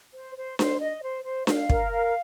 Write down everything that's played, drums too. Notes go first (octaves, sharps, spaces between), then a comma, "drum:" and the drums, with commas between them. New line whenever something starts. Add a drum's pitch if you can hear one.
C5
C5
C5, drum: snare D4
D#5
C5
C5
F5, drum: snare D4
A#4, drum: kick
F5